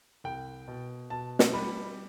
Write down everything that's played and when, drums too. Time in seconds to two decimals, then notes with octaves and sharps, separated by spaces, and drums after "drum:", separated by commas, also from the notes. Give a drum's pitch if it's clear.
0.24 C2 G5
0.68 B2
1.10 B2 A5
1.39 drum: snare
1.53 G3 B5